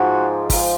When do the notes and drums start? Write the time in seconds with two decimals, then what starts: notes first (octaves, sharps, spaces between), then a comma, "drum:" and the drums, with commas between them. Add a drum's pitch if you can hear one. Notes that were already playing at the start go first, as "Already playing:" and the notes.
Already playing: G#2 F3 F#4
0.50 G#2 F3, drum: kick, open hi-hat